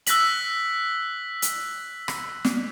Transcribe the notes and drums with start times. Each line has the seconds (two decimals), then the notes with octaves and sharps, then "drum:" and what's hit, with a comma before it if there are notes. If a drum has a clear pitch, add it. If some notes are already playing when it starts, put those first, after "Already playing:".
0.07 E6 F#6 A#6 B6 F#7, drum: hi-hat
1.42 drum: hi-hat
2.08 drum: rim click
2.45 drum: snare